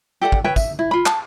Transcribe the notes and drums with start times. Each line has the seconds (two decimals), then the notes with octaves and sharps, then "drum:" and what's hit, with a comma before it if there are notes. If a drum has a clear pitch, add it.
0.21 G4 A4 D5 F#5
0.32 drum: kick
0.44 B4 C#5 E5 G5
0.56 E5, drum: kick, tambourine
0.79 E4
0.91 F4 B5
1.06 A5, drum: clap